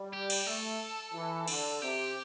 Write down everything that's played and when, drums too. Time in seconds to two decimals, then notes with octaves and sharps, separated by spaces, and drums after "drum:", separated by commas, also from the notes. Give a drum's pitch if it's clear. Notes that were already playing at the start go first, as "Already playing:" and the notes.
Already playing: G3
0.13 G4
0.30 drum: cymbal
0.46 A3 A4
1.14 E3
1.48 D3, drum: cymbal
1.82 C3 G4